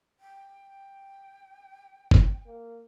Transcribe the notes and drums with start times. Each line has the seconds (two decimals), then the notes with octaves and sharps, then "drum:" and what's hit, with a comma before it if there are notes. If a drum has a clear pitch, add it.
0.20 G5
2.11 drum: kick
2.46 A#3